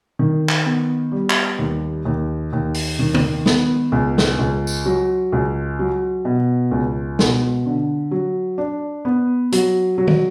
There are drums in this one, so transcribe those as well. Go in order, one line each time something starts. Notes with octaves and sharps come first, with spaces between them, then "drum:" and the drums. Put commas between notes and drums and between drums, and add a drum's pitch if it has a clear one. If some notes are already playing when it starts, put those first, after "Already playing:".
D#3
drum: clap
B3
G3
drum: clap
D#2
D#2
D#2
drum: open hi-hat
D#3
drum: tom C3
B3, drum: snare
C#2
drum: snare
C#2
drum: tambourine
F#3
C#2
F#3
B2
C#2
B2, drum: snare
D3
F#3
D4
B3
F#3, drum: hi-hat
F#3
drum: tom